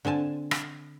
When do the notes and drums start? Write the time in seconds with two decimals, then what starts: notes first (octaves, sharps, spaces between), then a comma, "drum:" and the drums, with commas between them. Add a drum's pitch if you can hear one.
0.05 D3 C4 G#5 A5
0.51 drum: rim click